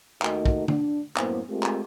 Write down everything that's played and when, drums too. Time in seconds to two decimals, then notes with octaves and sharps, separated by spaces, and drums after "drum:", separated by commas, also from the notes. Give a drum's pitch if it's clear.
0.22 D#2 A3 D#4 F#4 A#4 D#5, drum: clap
0.46 drum: kick
0.68 D4, drum: tom D3
1.17 F#2 A2 A#3 B3 E4 C5, drum: clap
1.49 G#3 A3 C4 F4 G4 A#4
1.63 drum: clap